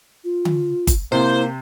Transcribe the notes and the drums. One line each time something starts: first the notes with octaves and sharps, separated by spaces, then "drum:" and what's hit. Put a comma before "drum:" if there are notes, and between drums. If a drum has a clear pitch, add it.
F4
drum: tom D3
drum: kick G1, hi-hat
C3 A#3 E4 C5